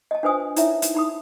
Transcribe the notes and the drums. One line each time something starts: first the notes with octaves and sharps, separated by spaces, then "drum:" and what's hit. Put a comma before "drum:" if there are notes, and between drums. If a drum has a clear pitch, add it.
D#5 A5
D4 F4 B4 C5 G#5 D#6
D#4 E4 C#5 E5, drum: hi-hat
drum: hi-hat
D#4 B5 D#6